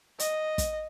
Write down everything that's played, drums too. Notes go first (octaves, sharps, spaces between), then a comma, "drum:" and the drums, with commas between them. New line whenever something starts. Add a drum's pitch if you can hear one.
D#5, drum: hi-hat
drum: kick, hi-hat